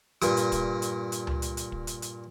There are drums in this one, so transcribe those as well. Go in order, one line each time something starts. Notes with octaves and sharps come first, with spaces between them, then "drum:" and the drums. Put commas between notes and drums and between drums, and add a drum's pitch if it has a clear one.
G2 A#2, drum: hi-hat
drum: hi-hat
drum: kick, hi-hat
drum: hi-hat
drum: hi-hat
drum: tom C#2
drum: hi-hat
drum: hi-hat
drum: kick
drum: hi-hat
drum: hi-hat